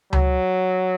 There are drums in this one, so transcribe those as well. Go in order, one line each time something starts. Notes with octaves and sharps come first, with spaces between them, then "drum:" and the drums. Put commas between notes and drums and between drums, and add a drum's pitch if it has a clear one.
F#3, drum: tom C#2